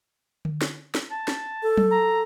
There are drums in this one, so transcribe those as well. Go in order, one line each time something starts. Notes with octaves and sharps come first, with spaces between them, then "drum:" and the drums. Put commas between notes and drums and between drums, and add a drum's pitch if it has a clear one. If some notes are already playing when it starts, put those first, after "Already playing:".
drum: tom D3
drum: snare
drum: snare
A5
drum: snare
A4
drum: tom F#3
A#5